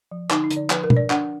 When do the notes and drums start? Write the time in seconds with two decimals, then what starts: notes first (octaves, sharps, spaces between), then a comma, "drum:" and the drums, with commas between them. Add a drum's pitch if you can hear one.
0.11 F3
0.30 D3 D#4, drum: clap
0.44 D#4
0.51 D3, drum: hi-hat
0.56 D5
0.70 F3 B4, drum: clap
0.83 A#4
0.90 D4, drum: tom B2
0.97 D5
1.10 D4 F#5, drum: clap